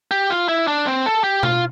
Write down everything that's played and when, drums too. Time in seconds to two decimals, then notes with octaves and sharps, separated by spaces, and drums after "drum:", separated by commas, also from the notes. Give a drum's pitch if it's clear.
0.11 G4
0.30 F4
0.48 E4
0.67 D4
0.87 C4
1.06 A4
1.24 G4
1.43 F4, drum: tom B2